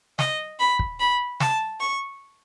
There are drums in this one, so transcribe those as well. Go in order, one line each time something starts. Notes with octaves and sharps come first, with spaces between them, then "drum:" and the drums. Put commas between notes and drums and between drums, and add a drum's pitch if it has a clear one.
D#5, drum: snare
B5
drum: kick
B5
A5, drum: snare
C#6